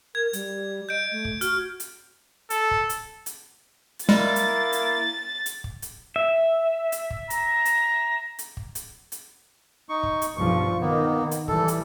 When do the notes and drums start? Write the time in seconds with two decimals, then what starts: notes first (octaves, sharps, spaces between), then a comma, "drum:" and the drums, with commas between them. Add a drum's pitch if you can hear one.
0.15 A#4 G#6
0.33 G3, drum: hi-hat
0.89 D#5 G6 D7
1.12 A3
1.25 drum: kick
1.41 F#4 F6, drum: hi-hat
1.80 drum: hi-hat
2.50 A4, drum: hi-hat
2.71 drum: kick
2.89 drum: hi-hat
3.26 drum: hi-hat
3.99 drum: hi-hat
4.09 G3 G#3 A#3 E4 A6
4.36 drum: hi-hat
4.73 drum: hi-hat
5.46 drum: hi-hat
5.64 drum: kick
5.82 drum: hi-hat
6.16 E5
6.92 drum: hi-hat
7.10 drum: kick
7.30 A#5, drum: hi-hat
7.65 drum: hi-hat
8.39 drum: hi-hat
8.57 drum: kick
8.75 drum: hi-hat
9.12 drum: hi-hat
9.89 D#4 C#6
10.03 drum: kick
10.22 drum: hi-hat
10.37 B1 G2 F3 C#6
10.81 D#3 A#3 B3
11.31 drum: hi-hat
11.48 E3 G3 A4, drum: kick
11.68 drum: hi-hat